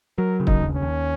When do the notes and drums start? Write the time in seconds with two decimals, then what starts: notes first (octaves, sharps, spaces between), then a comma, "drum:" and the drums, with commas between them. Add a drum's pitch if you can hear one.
0.18 F#3 A#4
0.40 C#3
0.47 D#4, drum: kick
0.61 D#2
0.75 C#4
0.82 D#2